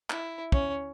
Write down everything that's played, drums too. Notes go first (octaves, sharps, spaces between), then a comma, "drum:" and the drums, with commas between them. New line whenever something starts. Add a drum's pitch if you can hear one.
E4, drum: clap
C#4, drum: kick